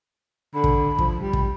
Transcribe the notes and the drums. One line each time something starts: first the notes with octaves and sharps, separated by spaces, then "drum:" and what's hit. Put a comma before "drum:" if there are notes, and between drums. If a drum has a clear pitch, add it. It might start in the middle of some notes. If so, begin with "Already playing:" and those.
D3 B5
drum: kick
F3, drum: kick
G3
drum: kick